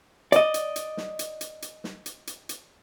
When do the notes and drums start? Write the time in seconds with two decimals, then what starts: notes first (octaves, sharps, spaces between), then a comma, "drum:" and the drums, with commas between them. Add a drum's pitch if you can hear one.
0.32 D5 D#5, drum: hi-hat
0.54 drum: hi-hat
0.76 drum: hi-hat
0.97 drum: snare
1.19 drum: hi-hat
1.41 drum: hi-hat
1.62 drum: hi-hat
1.84 drum: snare
2.06 drum: hi-hat
2.27 drum: hi-hat
2.49 drum: hi-hat